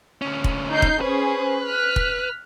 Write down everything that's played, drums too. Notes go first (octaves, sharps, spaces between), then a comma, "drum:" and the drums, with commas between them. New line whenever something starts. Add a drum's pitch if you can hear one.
D2 C#4
drum: kick
D#4 G6 C7
drum: kick
C#4 G#4 B4 C5
F6 F#6 B6
drum: kick